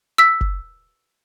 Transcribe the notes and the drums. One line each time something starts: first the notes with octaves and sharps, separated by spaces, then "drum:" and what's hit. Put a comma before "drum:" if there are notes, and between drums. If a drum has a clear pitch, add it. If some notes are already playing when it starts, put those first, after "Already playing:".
E6 B6
drum: kick F#1